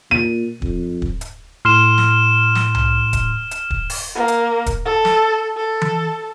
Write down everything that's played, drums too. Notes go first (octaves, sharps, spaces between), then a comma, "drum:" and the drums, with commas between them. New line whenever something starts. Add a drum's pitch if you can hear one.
A#2 D#7
F2, drum: kick
drum: kick
drum: hi-hat
A2 C6 F6 E7
drum: snare
drum: snare
drum: tom C2
drum: kick, hi-hat
drum: hi-hat
drum: kick
drum: open hi-hat
A#3
drum: hi-hat
drum: kick, hi-hat
A4
drum: snare
A4
drum: tom E3